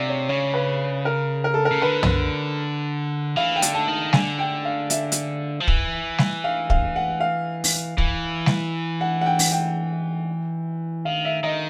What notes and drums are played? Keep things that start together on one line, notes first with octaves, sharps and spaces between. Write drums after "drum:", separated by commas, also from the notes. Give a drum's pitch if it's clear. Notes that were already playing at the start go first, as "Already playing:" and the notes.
Already playing: C3 D5 F5
C#5
C#3 C#5
B4
A#4
A#4
A4
A#4
C#3
D3 B4
drum: tom
E3 F5
G5
D3, drum: hi-hat
A5
D#3
D3 G#5, drum: snare G3
G5
F5
E5, drum: hi-hat
drum: hi-hat
F3
E3, drum: kick
drum: snare G3
F5
F5, drum: kick
F#5
F5
drum: open hi-hat
E3, drum: kick
drum: snare G3
F#5
F#5
G5
drum: open hi-hat
G5
D#3 F5
E5
D#3 D#5